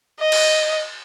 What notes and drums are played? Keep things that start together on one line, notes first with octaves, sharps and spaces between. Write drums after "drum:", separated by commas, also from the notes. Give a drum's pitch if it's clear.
D#5
drum: cymbal